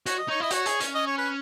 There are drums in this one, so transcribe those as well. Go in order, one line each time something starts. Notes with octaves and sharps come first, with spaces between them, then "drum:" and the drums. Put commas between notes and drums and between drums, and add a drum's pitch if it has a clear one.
F#4 C#5, drum: hi-hat
D#5
D#4 C#5
E4 D#5
F#4 C#5, drum: hi-hat
G#4, drum: hi-hat
C#4, drum: hi-hat
D#5
C#5
B4